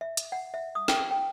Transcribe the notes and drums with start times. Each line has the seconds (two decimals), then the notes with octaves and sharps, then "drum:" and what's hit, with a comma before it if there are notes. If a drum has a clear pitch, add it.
0.01 E5
0.17 drum: hi-hat
0.32 F#5
0.54 E5
0.75 D#6
0.88 G5, drum: snare
1.11 G5